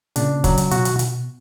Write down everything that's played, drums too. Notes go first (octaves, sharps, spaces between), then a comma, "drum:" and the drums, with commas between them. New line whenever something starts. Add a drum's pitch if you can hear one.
A#2 C#3 D4, drum: hi-hat
F#3, drum: kick, hi-hat
drum: hi-hat
B2 F#4, drum: hi-hat
drum: hi-hat
drum: hi-hat